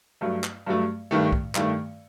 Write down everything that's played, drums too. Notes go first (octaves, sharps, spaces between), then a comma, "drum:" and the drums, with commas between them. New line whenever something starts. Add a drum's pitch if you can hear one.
G2 F#3 A3
drum: clap
G2 F#3 A3
G2 D#3 A3
drum: kick
G2 D#3 A3, drum: clap